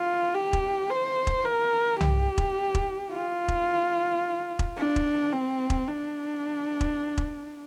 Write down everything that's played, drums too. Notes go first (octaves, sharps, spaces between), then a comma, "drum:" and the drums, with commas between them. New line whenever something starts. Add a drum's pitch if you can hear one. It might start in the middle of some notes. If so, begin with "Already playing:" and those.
Already playing: F4
G4
drum: kick E1
C5
drum: kick E1
A#4
G4, drum: tom C2
drum: kick E1
drum: kick E1
F4
drum: kick E1
drum: kick E1
D4
drum: kick E1
C4
drum: kick E1
D4
drum: kick E1
drum: kick E1